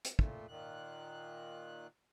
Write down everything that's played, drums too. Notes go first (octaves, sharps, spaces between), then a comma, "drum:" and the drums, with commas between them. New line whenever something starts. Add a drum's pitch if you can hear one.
drum: hi-hat
A#2 A3, drum: kick
A#2 D#3 F#6